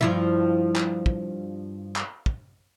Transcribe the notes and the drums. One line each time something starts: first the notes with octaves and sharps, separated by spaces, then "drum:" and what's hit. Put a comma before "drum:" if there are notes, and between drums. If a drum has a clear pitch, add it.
G2 F3 E4
drum: clap
drum: kick
drum: clap
drum: kick